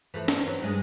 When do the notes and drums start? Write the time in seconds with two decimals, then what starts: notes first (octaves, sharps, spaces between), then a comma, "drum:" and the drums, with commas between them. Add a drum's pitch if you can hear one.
0.14 E3 F3 A3
0.28 C4, drum: snare
0.46 E3 F#3
0.61 G2 G#3